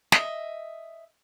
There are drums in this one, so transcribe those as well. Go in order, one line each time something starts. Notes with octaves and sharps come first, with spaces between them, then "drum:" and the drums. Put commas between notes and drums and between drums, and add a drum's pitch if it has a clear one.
D#5 E5, drum: snare